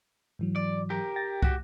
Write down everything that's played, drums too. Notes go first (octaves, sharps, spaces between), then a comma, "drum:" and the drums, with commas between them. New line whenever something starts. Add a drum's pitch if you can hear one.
G#2 E3 F#3
D5
G4 A#4
G5 A6 A#6
F#4 G4, drum: kick